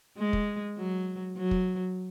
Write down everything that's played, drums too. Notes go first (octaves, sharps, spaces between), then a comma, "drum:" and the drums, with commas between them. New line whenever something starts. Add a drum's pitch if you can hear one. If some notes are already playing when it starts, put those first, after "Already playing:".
G#3
drum: kick
F#3
F#3
drum: kick